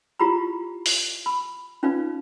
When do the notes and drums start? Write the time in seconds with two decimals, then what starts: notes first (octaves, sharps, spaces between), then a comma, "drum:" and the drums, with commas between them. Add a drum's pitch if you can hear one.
0.20 E4 F4 G4 A#5 B5
0.86 drum: open hi-hat
1.26 B5
1.83 C#4 D#4 F4 B4 D5 F5